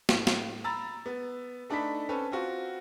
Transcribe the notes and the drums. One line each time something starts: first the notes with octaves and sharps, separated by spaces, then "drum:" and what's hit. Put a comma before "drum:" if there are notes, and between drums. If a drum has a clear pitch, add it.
A2, drum: snare
drum: snare
A#5 B5 E6 A6
B3
A3 D4 D#4 A4 B5 B6
C4 C#4 A4 B4
C4 F4 F#4